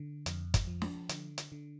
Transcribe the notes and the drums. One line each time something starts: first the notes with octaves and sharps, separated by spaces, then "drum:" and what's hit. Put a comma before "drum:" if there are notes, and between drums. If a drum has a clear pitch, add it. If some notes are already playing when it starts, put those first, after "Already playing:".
Already playing: D3
F2, drum: hi-hat
drum: kick, hi-hat
F3
drum: snare
D3, drum: hi-hat
drum: hi-hat
D3